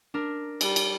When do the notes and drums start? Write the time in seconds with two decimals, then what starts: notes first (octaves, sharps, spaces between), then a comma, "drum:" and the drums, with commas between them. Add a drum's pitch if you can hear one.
0.14 D4 A#4
0.61 G3, drum: cymbal
0.76 drum: cymbal